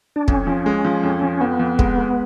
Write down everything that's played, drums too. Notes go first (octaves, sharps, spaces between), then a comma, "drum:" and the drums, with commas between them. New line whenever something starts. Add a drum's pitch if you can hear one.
D4
F2 C#4, drum: kick
F3
G#3
F3
F2
F3
F2 B3
F2
G#3, drum: kick
G#3